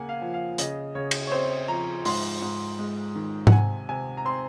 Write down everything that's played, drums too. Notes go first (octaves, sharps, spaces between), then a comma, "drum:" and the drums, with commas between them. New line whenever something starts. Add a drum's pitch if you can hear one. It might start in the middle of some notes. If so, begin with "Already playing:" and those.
Already playing: C#3 A#3 F#5 G#5
F5
F3
F5
C#3 D#5, drum: hi-hat
C#3 C#5
drum: cymbal
C#5
C4 C5
F3 A#5
G#2 C6, drum: open hi-hat
G#2
G#3
D#3
F#5, drum: tom G#2
C3 G#5
C3 G#5
A#5
C4 C6